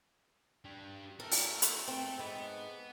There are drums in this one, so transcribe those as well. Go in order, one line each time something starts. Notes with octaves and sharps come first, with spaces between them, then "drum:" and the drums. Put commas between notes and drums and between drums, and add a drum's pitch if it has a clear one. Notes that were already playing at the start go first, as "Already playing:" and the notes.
D4 G4
A4 A#4 E5
drum: open hi-hat
drum: hi-hat
C4
G#2 B3